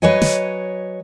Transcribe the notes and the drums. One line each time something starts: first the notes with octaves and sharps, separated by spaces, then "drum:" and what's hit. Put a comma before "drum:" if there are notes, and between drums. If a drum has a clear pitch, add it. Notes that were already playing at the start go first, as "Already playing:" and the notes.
F#3 B4 C#5 D#5 G#5
drum: snare